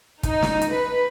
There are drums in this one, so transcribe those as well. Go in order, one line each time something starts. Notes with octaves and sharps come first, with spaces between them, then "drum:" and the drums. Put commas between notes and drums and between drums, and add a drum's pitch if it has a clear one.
D#4, drum: kick, hi-hat
drum: snare
drum: hi-hat
B4